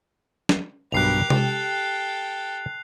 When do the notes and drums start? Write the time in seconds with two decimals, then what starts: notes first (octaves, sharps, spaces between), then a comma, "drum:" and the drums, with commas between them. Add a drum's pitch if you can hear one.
0.49 drum: snare
0.92 B1 G2 B2 G4 A#4 F#6 C7 F7
1.30 G4 A4 G5, drum: tom C3